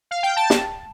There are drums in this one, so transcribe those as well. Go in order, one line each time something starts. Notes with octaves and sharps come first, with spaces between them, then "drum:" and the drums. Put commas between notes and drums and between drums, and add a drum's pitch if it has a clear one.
F5
G5
A5
drum: snare